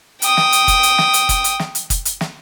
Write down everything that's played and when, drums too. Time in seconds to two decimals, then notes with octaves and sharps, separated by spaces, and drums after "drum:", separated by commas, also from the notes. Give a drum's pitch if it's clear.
0.22 G5 D#6, drum: hi-hat
0.37 drum: snare
0.52 drum: hi-hat
0.68 drum: kick, hi-hat
0.83 drum: hi-hat
0.98 drum: snare
1.14 drum: hi-hat
1.29 drum: kick, hi-hat
1.44 drum: hi-hat
1.59 drum: snare
1.75 drum: hi-hat
1.90 drum: kick, hi-hat
2.05 drum: hi-hat
2.21 drum: snare